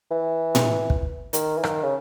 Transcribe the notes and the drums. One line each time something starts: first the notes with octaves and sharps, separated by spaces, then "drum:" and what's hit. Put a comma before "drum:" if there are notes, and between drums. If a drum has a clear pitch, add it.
E3
drum: tom A2
drum: kick
D#3, drum: hi-hat
E3
D#3, drum: rim click
C#3